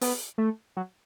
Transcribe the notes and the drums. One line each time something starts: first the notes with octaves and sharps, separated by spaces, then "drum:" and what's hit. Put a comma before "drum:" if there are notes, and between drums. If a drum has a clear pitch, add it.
B3, drum: open hi-hat
A3
F#3